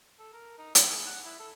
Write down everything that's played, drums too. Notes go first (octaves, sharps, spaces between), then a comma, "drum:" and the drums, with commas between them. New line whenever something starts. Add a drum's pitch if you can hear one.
A4
A#4
D#4
B3, drum: hi-hat
G#4
F#5
E4
A4